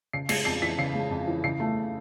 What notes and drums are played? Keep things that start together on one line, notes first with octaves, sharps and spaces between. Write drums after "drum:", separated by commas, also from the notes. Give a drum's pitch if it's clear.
C#3 C7
G#3 C7, drum: cymbal
F2 C7
E3 B6
C#3 C7
G#3
F2
E3
C#3 C7
A3